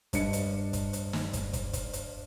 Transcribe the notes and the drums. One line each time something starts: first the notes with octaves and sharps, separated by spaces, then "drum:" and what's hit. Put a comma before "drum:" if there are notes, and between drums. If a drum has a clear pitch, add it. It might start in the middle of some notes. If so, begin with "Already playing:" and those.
G2 D4 D5 D#5 C#7, drum: kick, hi-hat
drum: hi-hat
drum: kick, hi-hat
drum: hi-hat
drum: snare
drum: kick, hi-hat
drum: kick, hi-hat
drum: kick, hi-hat
drum: hi-hat